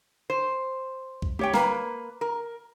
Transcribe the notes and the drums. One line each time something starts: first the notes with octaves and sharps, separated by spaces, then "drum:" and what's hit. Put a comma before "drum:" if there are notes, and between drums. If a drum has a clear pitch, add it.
C5
drum: kick B1
G4 C#5 G5, drum: tom G#3
A#3 B4, drum: snare
A#4